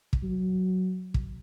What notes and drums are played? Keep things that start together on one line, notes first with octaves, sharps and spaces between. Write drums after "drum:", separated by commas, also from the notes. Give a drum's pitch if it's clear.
drum: kick
F#3
drum: kick